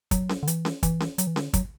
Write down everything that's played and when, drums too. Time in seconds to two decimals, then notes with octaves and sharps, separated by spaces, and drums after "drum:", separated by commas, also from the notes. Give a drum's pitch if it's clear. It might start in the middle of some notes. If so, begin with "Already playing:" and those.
0.11 F#3, drum: kick, hi-hat
0.29 drum: snare C#4
0.43 D3
0.47 E3, drum: hi-hat
0.65 drum: snare C#4
0.83 E3, drum: kick, hi-hat
1.00 drum: snare C#4
1.18 F#3, drum: hi-hat
1.27 E3
1.36 D3, drum: snare C#4
1.54 F#3, drum: kick, hi-hat